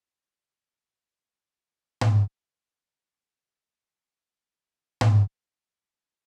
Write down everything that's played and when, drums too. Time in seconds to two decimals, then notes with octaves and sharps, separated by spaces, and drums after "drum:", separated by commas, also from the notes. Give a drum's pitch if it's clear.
1.21 D4 G#4 C#5 D#5 E5 G5
2.01 drum: tom G#2
2.86 F#5
4.30 A#3 B3 E4
5.01 drum: tom G#2